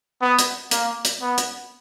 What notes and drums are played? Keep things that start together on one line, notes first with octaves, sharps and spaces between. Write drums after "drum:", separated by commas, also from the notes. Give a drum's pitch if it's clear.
B3
drum: hi-hat
A#3, drum: hi-hat
drum: hi-hat
B3
drum: hi-hat